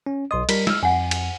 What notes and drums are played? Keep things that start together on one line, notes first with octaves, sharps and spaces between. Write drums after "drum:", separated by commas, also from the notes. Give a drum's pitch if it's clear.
C#4
B1 D#5 C6 D#6
G3 D#4 F4 A#4 B6, drum: cymbal
E6 F6, drum: snare
F2 F#5 G#5
drum: cymbal